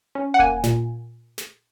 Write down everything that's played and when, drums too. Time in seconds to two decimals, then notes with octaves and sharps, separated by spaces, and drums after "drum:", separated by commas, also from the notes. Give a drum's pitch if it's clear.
0.15 C#4
0.34 F#5
0.39 A#3 G#5, drum: kick D#1
0.64 A#2, drum: snare
1.38 drum: snare